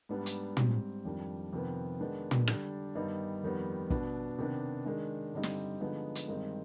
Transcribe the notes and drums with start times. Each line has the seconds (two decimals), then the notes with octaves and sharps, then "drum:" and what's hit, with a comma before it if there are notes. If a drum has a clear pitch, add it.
0.09 G#2 G3 B3 D4
0.26 drum: hi-hat
0.57 G#2 G3 C4, drum: tom
1.05 F2 D#3 G3 D4
1.53 F2 C3 D#3 B3
2.00 D#3 G#3 B3 D4
2.31 drum: tom
2.47 D3 G3 D4, drum: rim click
2.95 G2 D#3 G3 B3 D#4
3.43 F2 D#3 G3 B3
3.90 B2 B3 D4, drum: kick
4.38 C3 D#3 B3 D4
4.86 D#3 G#3 D4
5.33 G2 D3 G3 C4 D#4
5.43 drum: snare
5.80 D3 F3 G#3 B3 D#4
6.15 drum: hi-hat
6.28 G2 D#3 G#3 C4 D#4